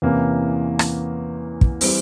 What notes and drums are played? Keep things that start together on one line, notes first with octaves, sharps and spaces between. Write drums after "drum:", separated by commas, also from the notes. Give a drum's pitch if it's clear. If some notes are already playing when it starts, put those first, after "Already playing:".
E2 C3 E3 A#3 C#4
drum: rim click
drum: kick
E3 G3 C4, drum: open hi-hat